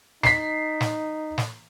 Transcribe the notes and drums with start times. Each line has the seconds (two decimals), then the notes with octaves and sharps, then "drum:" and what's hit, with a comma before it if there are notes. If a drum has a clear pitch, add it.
0.23 D#4 B6 C7, drum: snare
0.81 drum: snare
1.38 drum: snare